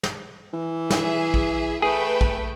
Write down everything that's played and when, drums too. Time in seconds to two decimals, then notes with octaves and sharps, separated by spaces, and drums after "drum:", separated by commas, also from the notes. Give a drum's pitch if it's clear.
0.03 drum: snare
0.54 E3
0.90 G#4 E5, drum: snare
1.34 drum: kick
1.82 A3 G#4 B4 G5
2.21 drum: kick